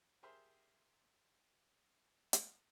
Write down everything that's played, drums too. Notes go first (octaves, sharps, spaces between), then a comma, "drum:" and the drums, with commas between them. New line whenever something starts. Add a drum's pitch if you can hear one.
G4 G#4 A#4 C5 E5 C6
drum: hi-hat